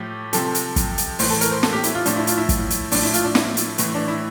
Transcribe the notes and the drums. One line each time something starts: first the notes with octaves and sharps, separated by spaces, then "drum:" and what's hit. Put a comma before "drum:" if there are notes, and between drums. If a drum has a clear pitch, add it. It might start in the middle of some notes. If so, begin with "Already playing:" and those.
Already playing: A2 F3 G4
C3 F3 A4, drum: hi-hat
drum: hi-hat
drum: kick, hi-hat
drum: hi-hat
A2 E3 C5, drum: open hi-hat
A4
A#4, drum: hi-hat
C5
A4, drum: snare
G4
E4, drum: hi-hat
F4
A2 F3 D4, drum: hi-hat
E4
F4, drum: hi-hat
E4
drum: kick, hi-hat
drum: hi-hat
A2 F3 D4, drum: open hi-hat
E4
F4, drum: hi-hat
D4
E4, drum: snare
drum: hi-hat
A2 E3, drum: hi-hat
D4
E4